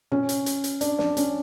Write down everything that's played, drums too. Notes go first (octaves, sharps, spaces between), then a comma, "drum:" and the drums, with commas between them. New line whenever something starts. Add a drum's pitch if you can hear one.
C#4, drum: tom A#2
drum: hi-hat
drum: hi-hat
drum: hi-hat
D4, drum: hi-hat
D4, drum: snare
C#4, drum: hi-hat